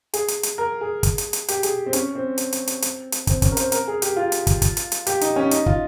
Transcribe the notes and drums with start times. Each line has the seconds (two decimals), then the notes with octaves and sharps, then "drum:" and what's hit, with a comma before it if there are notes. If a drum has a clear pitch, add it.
0.14 G#4, drum: hi-hat
0.28 drum: hi-hat
0.43 drum: hi-hat
0.58 A#4
0.81 G#4
1.03 drum: kick, hi-hat
1.18 drum: hi-hat
1.33 drum: hi-hat
1.48 G4, drum: hi-hat
1.63 G#4, drum: hi-hat
1.86 C4
1.93 C#4, drum: hi-hat
2.15 C4
2.38 drum: hi-hat
2.53 drum: hi-hat
2.67 drum: hi-hat
2.82 drum: hi-hat
3.12 drum: hi-hat
3.27 C4, drum: kick, hi-hat
3.42 C#4, drum: kick, hi-hat
3.52 A#4
3.57 C5, drum: hi-hat
3.72 A#4, drum: hi-hat
3.88 G#4
4.02 G4, drum: hi-hat
4.16 F4
4.32 drum: hi-hat
4.47 drum: kick, hi-hat
4.62 drum: kick, hi-hat
4.77 drum: hi-hat
4.92 drum: hi-hat
5.07 G4, drum: hi-hat
5.21 D#4, drum: hi-hat
5.36 C#4
5.51 D#4, drum: hi-hat
5.66 F4, drum: kick